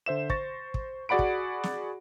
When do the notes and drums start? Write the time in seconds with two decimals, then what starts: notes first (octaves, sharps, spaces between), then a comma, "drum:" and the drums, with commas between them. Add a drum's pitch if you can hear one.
0.06 D3 C5 E5 E7
0.30 C5 C#6 A6 A#6, drum: kick
0.74 drum: kick
1.09 F#4 G#4 D5 F#5 B5 D7
1.19 drum: kick
1.63 drum: snare